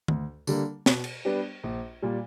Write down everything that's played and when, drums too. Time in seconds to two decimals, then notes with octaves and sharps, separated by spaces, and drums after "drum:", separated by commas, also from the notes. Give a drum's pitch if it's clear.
0.08 D2, drum: tom
0.47 D3 G3 A#3, drum: tambourine
0.86 B2, drum: snare
1.04 drum: cymbal
1.25 G3 B3 D4 G4
1.64 A#1
2.02 A#2 G3